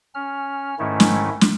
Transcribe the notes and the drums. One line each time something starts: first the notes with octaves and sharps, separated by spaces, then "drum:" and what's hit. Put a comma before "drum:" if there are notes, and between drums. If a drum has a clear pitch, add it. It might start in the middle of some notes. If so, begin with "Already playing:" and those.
C#4 F6
G#2 D#3 A3 C#4 E4
drum: snare
drum: snare